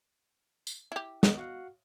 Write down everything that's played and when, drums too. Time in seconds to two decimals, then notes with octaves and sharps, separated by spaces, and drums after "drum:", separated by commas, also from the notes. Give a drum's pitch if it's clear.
0.67 drum: tambourine
0.92 E4 G4
1.23 D#3 G#3 B3 D#5, drum: snare
1.37 F#4 F5 F#5